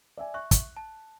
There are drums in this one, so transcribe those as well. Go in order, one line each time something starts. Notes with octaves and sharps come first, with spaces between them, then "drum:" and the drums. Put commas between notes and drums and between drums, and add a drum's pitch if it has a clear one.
D5 E5 G#5
E5 C#6 F#6
drum: kick, hi-hat
A5